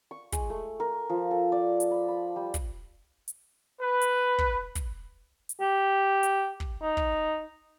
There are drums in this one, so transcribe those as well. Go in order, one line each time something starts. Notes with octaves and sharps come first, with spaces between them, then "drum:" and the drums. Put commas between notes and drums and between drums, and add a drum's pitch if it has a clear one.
C#6
G#3, drum: kick, hi-hat
A3
A#4
F3
A4
D5
drum: hi-hat
B5
B5
G3
drum: kick, hi-hat
drum: hi-hat
B4
drum: hi-hat
drum: kick
drum: kick, hi-hat
drum: hi-hat
G4
drum: hi-hat
drum: kick
D#4
drum: kick